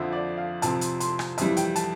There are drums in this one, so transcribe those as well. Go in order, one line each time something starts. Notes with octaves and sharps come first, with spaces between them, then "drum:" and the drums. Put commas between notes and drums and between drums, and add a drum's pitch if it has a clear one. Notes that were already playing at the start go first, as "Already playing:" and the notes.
Already playing: F2 D3 F3 E5
D5
F5
F2 C3 F3 C4 A5, drum: hi-hat
drum: hi-hat
C6, drum: hi-hat
drum: rim click
F2 E3 G3 E5, drum: hi-hat
G5, drum: hi-hat
A5, drum: hi-hat